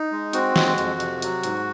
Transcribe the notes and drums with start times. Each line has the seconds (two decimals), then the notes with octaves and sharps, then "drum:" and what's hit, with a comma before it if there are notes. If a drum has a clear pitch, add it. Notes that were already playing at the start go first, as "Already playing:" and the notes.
Already playing: D#4
0.12 G#3
0.33 C4 F#4, drum: hi-hat
0.56 G#3, drum: snare
0.78 F2, drum: hi-hat
1.00 C3, drum: hi-hat
1.22 F#3, drum: hi-hat
1.43 G#2, drum: hi-hat